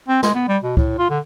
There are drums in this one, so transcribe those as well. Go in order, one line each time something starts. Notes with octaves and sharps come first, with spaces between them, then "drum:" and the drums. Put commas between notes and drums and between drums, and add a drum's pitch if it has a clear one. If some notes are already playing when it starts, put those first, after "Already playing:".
C4
G#3, drum: snare
B3
G3
B2
A2, drum: kick C#2
F4
D3